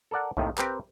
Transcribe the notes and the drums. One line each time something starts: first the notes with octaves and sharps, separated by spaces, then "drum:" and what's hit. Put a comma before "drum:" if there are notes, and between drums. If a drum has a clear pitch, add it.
A4 A#4 D5 F#5
D#2 A2 C3 D#3, drum: kick B1
C4 G4 A#4 B4, drum: clap